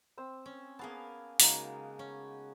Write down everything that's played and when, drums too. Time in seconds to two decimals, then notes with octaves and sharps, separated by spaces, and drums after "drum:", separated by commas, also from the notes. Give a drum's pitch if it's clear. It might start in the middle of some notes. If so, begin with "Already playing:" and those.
0.18 C4 C5 E6
0.46 C#4
0.79 A#3 B3 G#4 F5 A5
1.40 C#3 G#3 A#3 D#4 F#4 A5, drum: open hi-hat
1.99 C#4